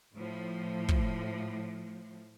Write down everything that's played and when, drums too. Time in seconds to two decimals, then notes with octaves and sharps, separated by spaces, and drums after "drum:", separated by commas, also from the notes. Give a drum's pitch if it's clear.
0.15 A2 F3
0.88 drum: kick